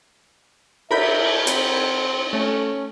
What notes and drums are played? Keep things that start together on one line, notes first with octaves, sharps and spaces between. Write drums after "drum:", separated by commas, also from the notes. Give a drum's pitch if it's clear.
A#4 E5 B5 G6, drum: cymbal
C4, drum: hi-hat
A3 C#4